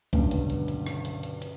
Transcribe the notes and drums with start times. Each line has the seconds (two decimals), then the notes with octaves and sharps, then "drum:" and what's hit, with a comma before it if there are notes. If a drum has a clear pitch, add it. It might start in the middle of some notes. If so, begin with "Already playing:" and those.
0.13 C#2 G2 B2 D3 F#3, drum: kick, hi-hat
0.31 drum: hi-hat
0.50 drum: hi-hat
0.68 drum: hi-hat
0.86 drum: rim click
1.05 drum: hi-hat
1.23 drum: hi-hat
1.42 drum: hi-hat